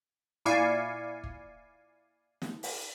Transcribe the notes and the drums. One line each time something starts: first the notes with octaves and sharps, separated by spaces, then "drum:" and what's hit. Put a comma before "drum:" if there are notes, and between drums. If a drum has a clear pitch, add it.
A#2 E4 D5 F5 G#5 C#6
drum: kick
drum: snare
drum: open hi-hat